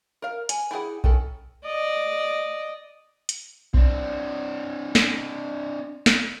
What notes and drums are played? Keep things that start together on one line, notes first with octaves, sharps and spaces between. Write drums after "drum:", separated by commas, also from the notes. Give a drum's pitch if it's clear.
A#4 F5
G#5, drum: hi-hat
E4 G4 G#4 F#5
D#3 C#4 E4 A4, drum: kick B1
D5 D#5
drum: hi-hat
C4 D4, drum: kick B1
drum: snare
drum: snare